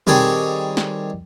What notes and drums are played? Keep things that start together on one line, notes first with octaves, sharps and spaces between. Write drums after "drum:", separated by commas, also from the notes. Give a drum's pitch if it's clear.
D#3 G3 C4 G#4 A4 C#5, drum: tom
drum: snare